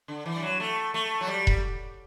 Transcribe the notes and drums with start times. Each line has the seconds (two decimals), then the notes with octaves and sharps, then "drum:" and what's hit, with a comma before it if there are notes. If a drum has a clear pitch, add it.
0.08 D3
0.26 E3
0.36 G3
0.43 F#3
0.60 A3
0.94 A3
1.21 F#3
1.27 G3
1.47 drum: kick E1